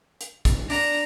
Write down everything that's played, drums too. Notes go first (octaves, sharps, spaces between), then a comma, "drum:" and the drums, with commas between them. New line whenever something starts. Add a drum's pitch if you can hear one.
drum: hi-hat
drum: kick A1, hi-hat
D4 A#5, drum: open hi-hat